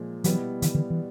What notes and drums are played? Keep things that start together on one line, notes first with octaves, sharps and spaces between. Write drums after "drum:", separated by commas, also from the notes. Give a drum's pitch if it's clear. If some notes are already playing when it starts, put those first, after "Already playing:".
Already playing: A#2 F3 G#3
B2 E3 F#3 G3 B3 E4, drum: hi-hat
D3 E3, drum: hi-hat
D3 E3
E3